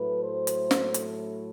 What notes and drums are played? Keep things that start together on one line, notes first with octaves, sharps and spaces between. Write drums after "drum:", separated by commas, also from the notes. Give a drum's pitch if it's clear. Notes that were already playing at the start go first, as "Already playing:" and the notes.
Already playing: A2 F#3 A3 B4
C5
drum: hi-hat
drum: snare
drum: hi-hat